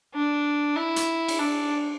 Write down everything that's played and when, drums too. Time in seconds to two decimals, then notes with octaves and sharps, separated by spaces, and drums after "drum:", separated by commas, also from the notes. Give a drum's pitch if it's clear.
0.14 D4
0.76 E4
0.96 drum: hi-hat
1.28 drum: cymbal
1.39 D4